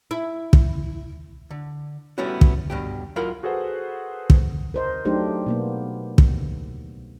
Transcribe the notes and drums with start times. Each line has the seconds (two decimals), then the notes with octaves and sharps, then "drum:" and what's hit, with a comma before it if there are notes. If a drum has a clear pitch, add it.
0.11 E4
0.53 drum: kick
1.51 D3
2.18 G3 A3 B3 C#4 E4 F#4
2.41 drum: kick
2.70 G2 B2 G4
3.16 F#3 E4 F4 A#4 F5 F#5
3.43 F#4 G#4 A4 B4 C5 F#5
4.30 drum: kick
4.74 A#4 C5 D#5
5.05 F#3 A3 D4 D#4 G4 C5
5.46 B2 A#3 B3
6.18 drum: kick